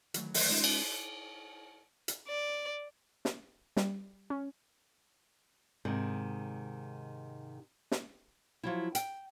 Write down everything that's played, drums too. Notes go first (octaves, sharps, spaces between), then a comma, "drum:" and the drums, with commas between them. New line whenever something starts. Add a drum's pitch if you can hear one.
D#3 E3 F#3 A3, drum: hi-hat
drum: open hi-hat
G#3 C#4 D#4 F4
drum: cymbal
drum: hi-hat
D5
drum: snare
G3, drum: snare
C#4
G#2 C3 D#3
drum: snare
F3 F#3 E4
G5, drum: hi-hat